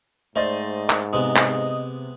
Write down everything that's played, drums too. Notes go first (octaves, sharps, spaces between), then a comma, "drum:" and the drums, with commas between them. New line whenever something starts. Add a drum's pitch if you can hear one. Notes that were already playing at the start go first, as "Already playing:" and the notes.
G#2 A3 C5 D5 D#5 A6
drum: clap
C3 G#3 B3 D#5 D#6
drum: clap